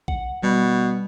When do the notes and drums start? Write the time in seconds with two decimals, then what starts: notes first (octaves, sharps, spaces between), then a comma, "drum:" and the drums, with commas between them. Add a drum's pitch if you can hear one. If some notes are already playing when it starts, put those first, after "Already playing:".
0.08 F#5, drum: kick A#1
0.43 B2 G3